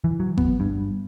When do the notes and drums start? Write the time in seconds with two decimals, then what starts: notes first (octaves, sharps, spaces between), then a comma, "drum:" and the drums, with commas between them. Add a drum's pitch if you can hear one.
0.04 E3
0.20 F#3
0.37 B3, drum: kick G1
0.60 G2